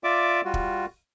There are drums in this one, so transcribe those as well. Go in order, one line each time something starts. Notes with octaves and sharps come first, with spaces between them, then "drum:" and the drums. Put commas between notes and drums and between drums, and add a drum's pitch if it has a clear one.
F4 D5 E5 D6
G3 F4 F#4
drum: kick